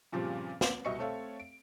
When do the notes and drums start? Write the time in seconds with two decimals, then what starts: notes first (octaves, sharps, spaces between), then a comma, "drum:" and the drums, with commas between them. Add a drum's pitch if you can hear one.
0.12 G2 A#2 C#3 F3 G3 C4
0.61 D6, drum: snare
0.85 C2 B2 D#5 E5 C#6 C#7
0.99 A3 C4 A4 C#5 E5 F5
1.40 D7